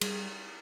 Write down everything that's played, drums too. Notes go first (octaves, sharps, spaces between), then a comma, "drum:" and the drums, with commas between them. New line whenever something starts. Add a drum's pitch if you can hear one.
G3 G#4, drum: cymbal